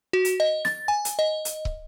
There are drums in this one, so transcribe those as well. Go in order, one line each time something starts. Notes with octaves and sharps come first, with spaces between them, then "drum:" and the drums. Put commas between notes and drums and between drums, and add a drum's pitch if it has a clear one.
F#4
drum: hi-hat
D#5
A6, drum: snare
G#5
drum: hi-hat
D#5
drum: hi-hat
drum: kick